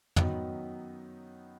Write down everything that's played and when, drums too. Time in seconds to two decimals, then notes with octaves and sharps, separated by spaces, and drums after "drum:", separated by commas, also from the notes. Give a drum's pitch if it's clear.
0.16 F#2 D#3 F#3 B3 D#4, drum: tom